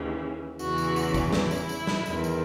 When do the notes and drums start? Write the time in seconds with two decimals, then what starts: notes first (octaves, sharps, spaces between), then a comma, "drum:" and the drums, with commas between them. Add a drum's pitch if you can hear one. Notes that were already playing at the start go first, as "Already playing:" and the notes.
Already playing: D#2 C#3 E3
0.59 E2 C#3 E3 F#4, drum: tambourine
0.78 drum: tambourine
0.96 drum: tambourine
1.14 drum: kick, tambourine
1.33 E4, drum: snare
1.51 drum: tambourine
1.69 drum: tambourine
1.87 drum: snare
2.06 E2 D#3, drum: tambourine
2.24 drum: tambourine